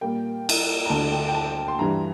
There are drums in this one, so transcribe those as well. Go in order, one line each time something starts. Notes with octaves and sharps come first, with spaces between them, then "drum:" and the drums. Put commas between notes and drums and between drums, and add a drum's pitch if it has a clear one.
A#2 G3 A#3 G5
drum: cymbal
A#5
D2 D3 A3 A5
G5
G5
A5
C6
G2 E3 G3 A#5